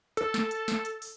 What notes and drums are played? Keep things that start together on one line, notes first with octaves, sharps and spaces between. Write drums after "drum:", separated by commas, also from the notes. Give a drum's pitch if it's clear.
A4, drum: hi-hat
drum: snare
drum: hi-hat
drum: snare
drum: hi-hat
drum: open hi-hat